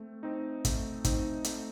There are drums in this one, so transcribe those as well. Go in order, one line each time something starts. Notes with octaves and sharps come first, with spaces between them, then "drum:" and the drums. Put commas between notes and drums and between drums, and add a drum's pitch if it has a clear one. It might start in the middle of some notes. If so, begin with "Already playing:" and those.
Already playing: A3 C4
C4 D#4
A3, drum: kick, hi-hat
C4 D#4, drum: kick, hi-hat
A3, drum: hi-hat